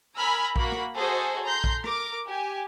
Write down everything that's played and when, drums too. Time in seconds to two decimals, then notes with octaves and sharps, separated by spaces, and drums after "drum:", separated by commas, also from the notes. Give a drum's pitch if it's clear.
0.17 A#4 G#5 A#5 B5 E6 F6
0.56 A#3 F#4 B5, drum: kick A#1
0.72 drum: rim click
0.95 F#4 G#4 A4 C5 D#5
1.44 A#5 C6 G6
1.64 drum: kick A#1
1.84 A#4 D6, drum: rim click
2.26 G4 G#5